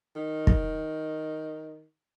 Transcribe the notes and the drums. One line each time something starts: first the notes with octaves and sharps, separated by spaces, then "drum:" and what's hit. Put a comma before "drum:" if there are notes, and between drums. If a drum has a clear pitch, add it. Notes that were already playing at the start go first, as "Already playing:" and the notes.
D#3
drum: kick